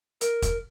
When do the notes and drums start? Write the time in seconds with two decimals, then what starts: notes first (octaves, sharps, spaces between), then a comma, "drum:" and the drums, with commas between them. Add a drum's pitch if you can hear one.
0.21 A#4, drum: hi-hat
0.42 drum: kick, hi-hat